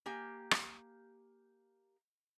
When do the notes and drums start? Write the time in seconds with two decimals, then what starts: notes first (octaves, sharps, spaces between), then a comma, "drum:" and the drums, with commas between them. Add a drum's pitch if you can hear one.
0.06 A#3 G4 G#5
0.51 drum: rim click